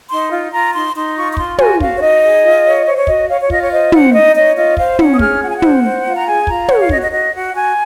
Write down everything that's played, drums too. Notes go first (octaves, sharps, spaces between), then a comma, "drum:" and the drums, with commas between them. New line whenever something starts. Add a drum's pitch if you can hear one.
D#4 C6
F4
F4 A#5
D#4 C6
D#4 C6
F4 C#6
C#6
F4 C6, drum: kick
F#4 G#5, drum: tom
F#4 F5, drum: kick
C#5
D#4 D#5
G#4
F4
C#5
C5 C#5
C#5
F#4 D#5, drum: kick
C#5 F5
C#5
F4 D#5, drum: kick
C#5
C5 D#5
C5 F#5, drum: tom
D#4 D#5
C#5 D#5
F4 D#5
C5 F5, drum: kick
C#4 F#5, drum: tom
D#6
G#4 F6, drum: kick
F4 F#5
G#5
F#5
C5, drum: tom
C5
F4
A#5
G#4 G#5
F4 A#5, drum: kick
C#5 F#5, drum: tom
F5
F#4 D#5, drum: kick
D#5
F#4 D#5
F#4 F#5
F#4 G#5